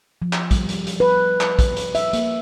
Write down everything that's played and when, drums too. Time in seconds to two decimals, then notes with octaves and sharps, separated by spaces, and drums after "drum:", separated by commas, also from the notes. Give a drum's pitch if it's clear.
0.22 F3
0.33 drum: clap
0.51 G3, drum: kick, hi-hat
0.69 drum: hi-hat
0.87 drum: hi-hat
1.00 B4
1.41 drum: clap
1.59 drum: kick, hi-hat
1.77 drum: hi-hat
1.95 E5, drum: hi-hat
2.13 A#3, drum: hi-hat